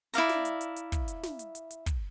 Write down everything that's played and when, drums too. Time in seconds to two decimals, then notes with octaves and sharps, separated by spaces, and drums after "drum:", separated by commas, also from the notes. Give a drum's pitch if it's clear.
0.14 E4 D5 F5 A#5, drum: hi-hat
0.29 drum: snare
0.45 drum: hi-hat
0.61 drum: hi-hat
0.76 drum: hi-hat
0.92 drum: kick, hi-hat
1.08 drum: hi-hat
1.23 drum: snare
1.39 drum: hi-hat
1.55 drum: hi-hat
1.71 drum: hi-hat
1.86 drum: kick, hi-hat